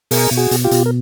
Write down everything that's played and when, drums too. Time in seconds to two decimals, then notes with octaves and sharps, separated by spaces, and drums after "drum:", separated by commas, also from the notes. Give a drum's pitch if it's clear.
0.11 B2 G#4 A#4, drum: open hi-hat
0.31 B2
0.37 F#4 G#4
0.51 B2, drum: hi-hat
0.64 F4 G4
0.71 B2, drum: hi-hat
0.86 A#4